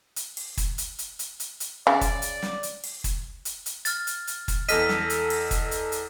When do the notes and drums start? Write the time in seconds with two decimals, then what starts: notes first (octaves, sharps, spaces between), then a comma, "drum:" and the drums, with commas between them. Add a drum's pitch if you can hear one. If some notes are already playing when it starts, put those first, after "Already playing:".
0.16 drum: hi-hat
0.37 drum: open hi-hat
0.57 drum: kick, hi-hat
0.78 drum: hi-hat
0.99 drum: hi-hat
1.19 drum: hi-hat
1.40 drum: hi-hat
1.60 drum: hi-hat
1.87 C#3 D5
2.01 drum: kick, hi-hat
2.22 drum: hi-hat
2.42 drum: snare
2.63 drum: hi-hat
2.84 drum: open hi-hat
3.04 drum: kick, hi-hat
3.45 drum: hi-hat
3.66 drum: hi-hat
3.85 F6 A6, drum: hi-hat
4.07 drum: hi-hat
4.27 drum: hi-hat
4.48 drum: kick, hi-hat
4.69 E2 A4 D#5 F6 B6 D#7, drum: hi-hat
4.89 drum: snare
5.10 drum: hi-hat
5.30 drum: open hi-hat
5.51 drum: kick, hi-hat
5.71 drum: hi-hat
5.92 drum: hi-hat